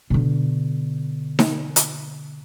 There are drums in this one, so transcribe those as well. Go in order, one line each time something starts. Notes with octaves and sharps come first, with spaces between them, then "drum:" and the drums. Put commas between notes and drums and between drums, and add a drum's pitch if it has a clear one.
B2 D3
drum: snare D#4
drum: hi-hat